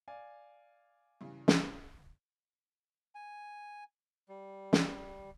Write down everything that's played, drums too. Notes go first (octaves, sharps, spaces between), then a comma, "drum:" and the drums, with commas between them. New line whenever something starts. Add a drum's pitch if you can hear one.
D5 F5 G#5
G2 C#3 E3
drum: snare
G#5
G3
drum: snare